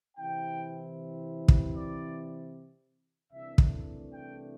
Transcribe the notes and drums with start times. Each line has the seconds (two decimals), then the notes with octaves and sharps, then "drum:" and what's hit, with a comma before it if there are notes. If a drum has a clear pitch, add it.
0.17 C3 E3 C4 E4 G5
1.48 drum: kick
1.74 D5
3.31 C2 C3 E3 A3 D4 E5
3.58 drum: kick
4.11 G5